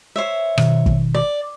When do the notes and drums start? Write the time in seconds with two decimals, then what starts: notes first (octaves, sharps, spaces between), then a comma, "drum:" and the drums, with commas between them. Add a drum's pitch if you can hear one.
0.16 C5 C#5 E5
0.58 B2 D#3, drum: rim click
0.86 drum: kick
1.14 D5